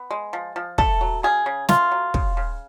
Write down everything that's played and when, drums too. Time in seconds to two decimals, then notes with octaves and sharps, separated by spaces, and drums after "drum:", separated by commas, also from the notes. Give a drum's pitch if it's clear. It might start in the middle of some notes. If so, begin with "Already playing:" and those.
Already playing: B3
0.11 G#3
0.33 F3
0.56 F3
0.78 A3 A4, drum: kick
1.01 F#3
1.23 C#3 G#4
1.46 C#3
1.69 A3 F4, drum: snare
1.91 F#3
2.14 C#3, drum: kick
2.37 C#3